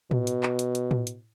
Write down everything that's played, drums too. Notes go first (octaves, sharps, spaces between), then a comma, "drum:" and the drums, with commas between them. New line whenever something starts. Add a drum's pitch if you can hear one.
B2, drum: tom A2
drum: hi-hat
drum: clap
drum: hi-hat
drum: hi-hat
drum: tom A2
drum: hi-hat